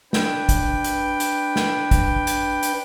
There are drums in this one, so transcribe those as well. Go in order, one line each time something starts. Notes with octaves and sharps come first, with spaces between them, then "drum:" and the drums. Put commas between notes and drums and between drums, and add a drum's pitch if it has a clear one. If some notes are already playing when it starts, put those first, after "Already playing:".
D4 B4 G5, drum: snare
drum: kick, hi-hat
drum: hi-hat
drum: hi-hat
drum: snare
drum: kick, hi-hat
drum: hi-hat
drum: hi-hat